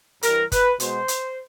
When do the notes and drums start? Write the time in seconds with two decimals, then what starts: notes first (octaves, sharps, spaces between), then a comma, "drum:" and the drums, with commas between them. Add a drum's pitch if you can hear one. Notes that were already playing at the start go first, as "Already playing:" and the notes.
0.23 G2 E3 G3 A#4, drum: hi-hat
0.52 B4, drum: kick, hi-hat
0.80 B2 G#3 C5, drum: hi-hat
1.08 drum: hi-hat